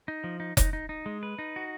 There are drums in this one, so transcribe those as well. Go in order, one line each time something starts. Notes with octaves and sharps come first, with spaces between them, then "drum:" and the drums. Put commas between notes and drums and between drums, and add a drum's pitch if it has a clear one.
D#4
F3
D#4
D#4, drum: kick F1, hi-hat
D#4
D#4
G#3
B4
D#4
F#4